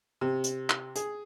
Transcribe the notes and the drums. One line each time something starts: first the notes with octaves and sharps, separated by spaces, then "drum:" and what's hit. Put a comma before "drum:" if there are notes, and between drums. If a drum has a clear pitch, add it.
C3
drum: hi-hat
drum: clap
G#4, drum: hi-hat